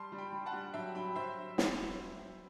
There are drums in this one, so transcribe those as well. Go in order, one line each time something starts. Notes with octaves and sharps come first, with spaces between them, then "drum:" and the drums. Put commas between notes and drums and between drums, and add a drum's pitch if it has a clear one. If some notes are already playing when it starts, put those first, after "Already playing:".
Already playing: G3 A5 C6
G3
G5 B5
G3
F#5 A5
G3
F#3 E5 G5
F#3 G5 B5
F#3 C5 E5
drum: snare